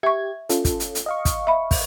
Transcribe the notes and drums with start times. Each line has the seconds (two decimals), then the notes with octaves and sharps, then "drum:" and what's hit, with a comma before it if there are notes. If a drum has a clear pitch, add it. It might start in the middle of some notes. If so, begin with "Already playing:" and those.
0.03 G4 E5 C#6 G#6
0.49 C#4 F4 A4, drum: hi-hat
0.65 drum: kick, hi-hat
0.80 drum: hi-hat
0.95 drum: hi-hat
1.06 D#5 F5 C#6
1.25 drum: kick, hi-hat
1.47 E5 B5
1.71 drum: kick, open hi-hat